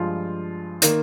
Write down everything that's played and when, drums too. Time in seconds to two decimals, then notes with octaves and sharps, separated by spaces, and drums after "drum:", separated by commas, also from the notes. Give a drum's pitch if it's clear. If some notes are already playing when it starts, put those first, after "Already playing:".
Already playing: G2 F3 G#3 F4
0.82 D#3 A#3, drum: hi-hat